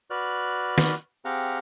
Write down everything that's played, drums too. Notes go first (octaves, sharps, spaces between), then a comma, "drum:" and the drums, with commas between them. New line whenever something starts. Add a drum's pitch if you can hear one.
F#4 B4 D5 F6 F#6
drum: snare
C4 G4 G#4 F5 F#5 A#5